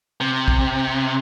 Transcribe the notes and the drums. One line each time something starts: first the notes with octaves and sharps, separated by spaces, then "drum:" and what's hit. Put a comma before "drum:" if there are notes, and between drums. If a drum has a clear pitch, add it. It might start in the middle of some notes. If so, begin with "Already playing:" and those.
C3
drum: kick